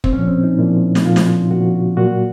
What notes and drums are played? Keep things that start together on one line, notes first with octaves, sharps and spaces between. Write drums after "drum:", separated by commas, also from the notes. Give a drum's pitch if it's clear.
C4, drum: kick
A#2 F3 C#4
C4
D#4
A#2 F3 E4
drum: snare
A#2 F3 F4
drum: snare
A#2 F3 F#4
A#2 F#3 F#4